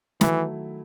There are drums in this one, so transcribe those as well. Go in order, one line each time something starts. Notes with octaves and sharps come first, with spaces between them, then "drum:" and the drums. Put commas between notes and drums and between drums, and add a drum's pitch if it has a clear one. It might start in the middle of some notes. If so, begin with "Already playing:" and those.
D#3 E3 F#3 A3 E4, drum: snare